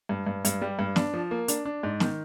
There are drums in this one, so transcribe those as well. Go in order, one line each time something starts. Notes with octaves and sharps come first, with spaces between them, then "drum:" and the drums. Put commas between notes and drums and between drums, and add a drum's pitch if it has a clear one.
G2
G2
G2, drum: hi-hat
G3
G2
D4, drum: snare
F3
A#3
D4, drum: hi-hat
D4
G#2
D#3, drum: snare